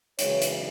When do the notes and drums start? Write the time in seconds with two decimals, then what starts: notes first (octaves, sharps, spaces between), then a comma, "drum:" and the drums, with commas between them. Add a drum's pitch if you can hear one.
0.19 F#2 C#3 E3 G#3 C#5, drum: hi-hat
0.42 drum: hi-hat